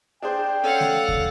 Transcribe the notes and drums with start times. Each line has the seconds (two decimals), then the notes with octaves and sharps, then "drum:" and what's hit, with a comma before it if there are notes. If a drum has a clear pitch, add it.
0.22 D4 G#4 C5 G5
0.64 C#4 A4 F5 F#5
0.80 drum: snare A3
1.08 drum: kick